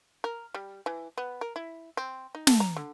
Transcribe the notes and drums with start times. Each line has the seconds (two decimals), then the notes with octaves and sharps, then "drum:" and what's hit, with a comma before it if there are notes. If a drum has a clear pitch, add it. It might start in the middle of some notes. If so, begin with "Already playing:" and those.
0.24 A#4
0.54 G3
0.86 E3
1.18 B3
1.41 A#4
1.56 E4
1.97 C4
2.35 D#4
2.47 A4, drum: snare
2.60 A#5
2.77 D3